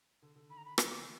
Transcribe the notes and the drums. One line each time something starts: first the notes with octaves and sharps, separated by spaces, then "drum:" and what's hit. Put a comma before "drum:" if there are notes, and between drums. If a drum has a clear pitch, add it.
D3
D3
D#3 B5
A#5
B5
D#3, drum: rim click
E3